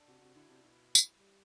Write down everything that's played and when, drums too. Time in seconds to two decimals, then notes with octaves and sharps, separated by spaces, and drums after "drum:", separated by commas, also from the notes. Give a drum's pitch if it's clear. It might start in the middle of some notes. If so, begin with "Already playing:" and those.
Already playing: D4 A4
0.08 C3 F#4
0.22 C3 F#4
0.36 D3 E4
0.50 C3 D4
0.63 B2 E4
0.95 drum: tambourine
1.18 G3